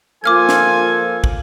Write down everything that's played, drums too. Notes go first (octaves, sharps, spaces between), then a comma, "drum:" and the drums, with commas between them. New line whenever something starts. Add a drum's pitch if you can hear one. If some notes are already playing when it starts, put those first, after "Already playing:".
F3 A#3 F4 A4 G#5 D6 F6 G#6
drum: snare
drum: kick